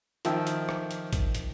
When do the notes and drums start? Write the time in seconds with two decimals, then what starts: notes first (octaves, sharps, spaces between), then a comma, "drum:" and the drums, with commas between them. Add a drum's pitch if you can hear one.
0.25 D#3 F3 E5 G5 E6, drum: hi-hat
0.47 drum: hi-hat
0.69 drum: rim click
0.91 drum: hi-hat
1.13 drum: kick, hi-hat
1.35 drum: hi-hat